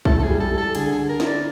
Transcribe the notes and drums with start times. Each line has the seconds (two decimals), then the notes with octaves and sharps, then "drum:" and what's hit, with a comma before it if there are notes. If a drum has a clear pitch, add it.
0.05 E4 A4, drum: kick B1
0.19 A4
0.23 G#4
0.29 G3
0.40 A4
0.52 G3
0.58 A4
0.75 D3 G#4, drum: cymbal
0.92 G#4
0.97 D3
1.09 A#4
1.20 E4, drum: snare
1.26 D5